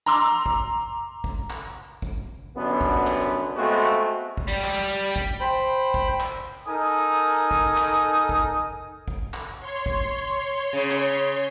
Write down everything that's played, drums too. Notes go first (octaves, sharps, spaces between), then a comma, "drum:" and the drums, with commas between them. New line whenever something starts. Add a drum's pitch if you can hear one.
A#5 C6 D6 E6
drum: kick
drum: kick
drum: clap
drum: kick
C2 F#2 D3 B3
drum: kick
drum: clap
G#3 A3 B3 C4 F4 F#4
drum: kick
G3
drum: clap
drum: kick
C5 G5 B5
drum: kick
drum: clap
D#4 A4 A#4 G#5 D#6
drum: kick
drum: clap
drum: kick
drum: kick
drum: clap
C#5 C6
drum: kick
C#3
drum: clap